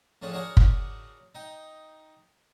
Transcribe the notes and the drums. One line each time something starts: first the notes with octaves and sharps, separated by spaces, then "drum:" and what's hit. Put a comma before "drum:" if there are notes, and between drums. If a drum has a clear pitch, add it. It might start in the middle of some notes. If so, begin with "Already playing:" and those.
A2 F3 C#4 D4 G#4
D4 F#4 G#4 A#4 C#5
drum: kick
D#4 G5